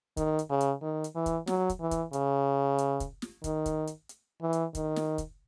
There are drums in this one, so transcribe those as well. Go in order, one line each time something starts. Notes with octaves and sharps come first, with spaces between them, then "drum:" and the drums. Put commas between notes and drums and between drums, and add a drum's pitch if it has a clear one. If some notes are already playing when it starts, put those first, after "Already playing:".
D#3, drum: kick, hi-hat
drum: hi-hat
C#3
drum: hi-hat
D#3
drum: hi-hat
E3
drum: kick, hi-hat
F#3, drum: snare
drum: kick, hi-hat
E3
drum: kick, hi-hat
C#3, drum: hi-hat
drum: hi-hat
drum: kick, hi-hat
drum: snare
D#3, drum: kick, hi-hat
drum: kick, hi-hat
drum: hi-hat
drum: hi-hat
E3
drum: hi-hat
D#3, drum: kick, hi-hat
drum: snare
drum: kick, hi-hat